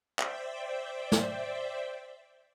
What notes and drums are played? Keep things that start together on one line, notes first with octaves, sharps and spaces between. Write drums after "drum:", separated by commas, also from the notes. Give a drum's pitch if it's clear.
C5 D5 E5 G5, drum: clap
drum: snare